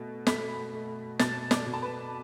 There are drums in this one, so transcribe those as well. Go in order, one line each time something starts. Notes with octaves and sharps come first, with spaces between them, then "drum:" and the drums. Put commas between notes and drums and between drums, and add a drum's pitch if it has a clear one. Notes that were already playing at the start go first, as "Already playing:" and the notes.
Already playing: B2 A3
A3 B5 B6, drum: snare
A3
B2 A5 A6, drum: snare
D5 D6, drum: snare
B2
A5
B4 B5